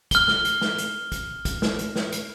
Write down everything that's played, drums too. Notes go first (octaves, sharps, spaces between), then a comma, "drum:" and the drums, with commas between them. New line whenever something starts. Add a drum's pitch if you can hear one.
F6 G7, drum: kick, hi-hat
drum: snare
drum: hi-hat
drum: snare
drum: hi-hat
drum: kick, hi-hat
drum: kick, hi-hat
drum: snare
drum: hi-hat
drum: snare
drum: hi-hat